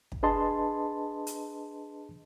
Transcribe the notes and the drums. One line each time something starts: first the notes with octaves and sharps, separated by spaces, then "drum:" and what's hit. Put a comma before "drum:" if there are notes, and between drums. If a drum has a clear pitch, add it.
drum: kick
D4 G#4 B4 D#5 A5 C6
drum: hi-hat